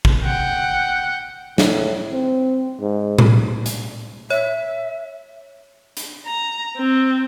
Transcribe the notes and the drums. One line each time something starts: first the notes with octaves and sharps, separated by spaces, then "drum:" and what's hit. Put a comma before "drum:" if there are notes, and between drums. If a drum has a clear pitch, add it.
drum: kick
F#5 G5
A2, drum: snare
C4
G#2
drum: tom A2
drum: hi-hat
C#5 E5
drum: hi-hat
A#5
C4